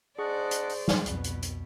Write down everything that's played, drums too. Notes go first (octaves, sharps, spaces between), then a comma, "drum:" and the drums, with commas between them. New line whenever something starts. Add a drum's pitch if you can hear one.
D4 G#4 C5 D5 D#5 F#5 C#6
drum: hi-hat
drum: open hi-hat
drum: snare
C2 F2 B2 B4, drum: hi-hat
drum: hi-hat
drum: hi-hat